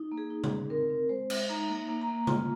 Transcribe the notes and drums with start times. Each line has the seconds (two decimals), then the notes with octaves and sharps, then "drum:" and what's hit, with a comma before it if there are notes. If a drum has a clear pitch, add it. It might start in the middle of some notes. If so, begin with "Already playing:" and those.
Already playing: D#4
0.12 A#3
0.18 G#4
0.30 D#4
0.44 G#4, drum: tom C3
0.50 D#4
0.70 C4 A#4
0.90 C4
1.09 G#3 C5
1.30 G#3, drum: cymbal
1.49 D#4 A#5
1.69 A#3
1.89 A#3
2.01 A#5
2.08 A#3
2.27 F4, drum: tom C3